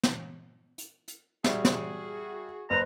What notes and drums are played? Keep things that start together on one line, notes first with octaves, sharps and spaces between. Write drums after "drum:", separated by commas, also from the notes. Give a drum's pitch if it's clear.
drum: snare
drum: hi-hat
drum: hi-hat
G3 F#4 G#4 E5, drum: snare
drum: snare
F#1 B4 C5 A#5